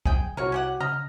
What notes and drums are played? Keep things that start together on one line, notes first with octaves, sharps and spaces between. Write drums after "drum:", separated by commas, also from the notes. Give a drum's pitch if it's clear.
G#4 G5, drum: kick C2
C2 F#4 A#4 C#5
C#4 G4 F#5
C#3 D#5 A#5 F6